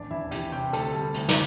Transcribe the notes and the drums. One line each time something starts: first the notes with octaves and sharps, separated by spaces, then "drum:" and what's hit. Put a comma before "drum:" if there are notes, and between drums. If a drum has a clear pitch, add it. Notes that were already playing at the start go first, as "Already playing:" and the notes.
Already playing: A1 E2 D4 D5
E2 E4 E5
E2 G4 G5, drum: hi-hat
C3 G4 G5
D2 A4 A5, drum: hi-hat
G3
D2, drum: hi-hat
drum: snare